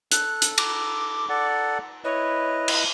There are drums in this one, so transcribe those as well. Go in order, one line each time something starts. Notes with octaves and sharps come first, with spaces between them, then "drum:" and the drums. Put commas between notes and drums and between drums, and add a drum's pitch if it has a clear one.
A4 F#6, drum: hi-hat
drum: hi-hat
D6, drum: cymbal
A4 D5 F#5
E4 B4 C#5 D#5
drum: cymbal